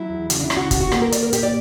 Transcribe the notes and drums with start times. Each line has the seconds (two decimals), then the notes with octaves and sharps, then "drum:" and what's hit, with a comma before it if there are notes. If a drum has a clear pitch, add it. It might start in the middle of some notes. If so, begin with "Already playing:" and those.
Already playing: F#3 E4
0.10 E2
0.30 C#3 F#4, drum: hi-hat
0.39 D4
0.44 E4
0.50 C#3, drum: rim click
0.57 F#4
0.71 D2 F#4, drum: kick, hi-hat
0.81 F#4
0.92 A#3 G4, drum: rim click
1.02 A#4
1.12 A#3 D5, drum: hi-hat
1.23 A#4
1.33 A#2 G4, drum: hi-hat
1.43 D5